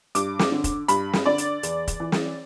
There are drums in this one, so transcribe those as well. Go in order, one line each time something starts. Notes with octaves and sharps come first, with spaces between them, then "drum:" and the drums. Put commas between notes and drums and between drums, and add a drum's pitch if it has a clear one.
G2 D6, drum: hi-hat
drum: snare
D3
drum: kick, hi-hat
G2 B5, drum: hi-hat
drum: snare
D3 D5
drum: hi-hat
E2, drum: hi-hat
drum: kick, hi-hat
E3
drum: snare